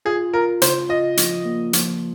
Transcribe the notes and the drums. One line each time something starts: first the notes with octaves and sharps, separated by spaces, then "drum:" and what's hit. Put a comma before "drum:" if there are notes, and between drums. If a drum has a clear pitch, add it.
F4 G#4
F4 A#4
C#3 C5, drum: hi-hat
F4 D#5
F3, drum: hi-hat
A#3
F3, drum: hi-hat